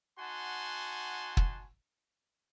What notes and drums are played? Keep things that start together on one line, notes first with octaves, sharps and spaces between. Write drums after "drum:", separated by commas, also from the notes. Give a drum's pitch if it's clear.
D#4 F#4 F#5 G#5 A5 C6
drum: kick